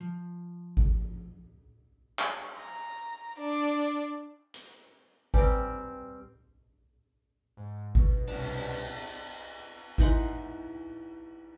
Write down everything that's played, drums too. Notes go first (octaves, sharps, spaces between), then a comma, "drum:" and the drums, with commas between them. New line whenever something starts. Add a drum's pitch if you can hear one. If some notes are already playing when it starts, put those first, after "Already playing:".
F3
drum: kick G#1
drum: clap
A#5
D4
drum: hi-hat
G3 C4 B4 G#5 A#5, drum: kick G#1
G#2
B2 B4, drum: kick G#1
C2 C#4 D4, drum: cymbal
drum: cymbal
E3 D#4 F#5 C6, drum: kick G#1